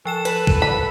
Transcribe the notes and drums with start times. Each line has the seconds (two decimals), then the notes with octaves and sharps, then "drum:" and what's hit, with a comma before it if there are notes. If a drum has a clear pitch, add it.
0.05 F3 A4 G5 E7
0.25 B4, drum: hi-hat
0.47 drum: kick
0.62 B5